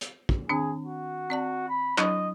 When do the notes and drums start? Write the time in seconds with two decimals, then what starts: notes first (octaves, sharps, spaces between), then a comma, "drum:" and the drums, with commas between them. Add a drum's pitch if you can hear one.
0.01 drum: hi-hat
0.29 drum: kick
0.49 D#3 C4 D4 G#4
0.85 F#4
1.30 C4 D5 A5
1.69 B5
1.98 F#3 D4 E4 D#5, drum: clap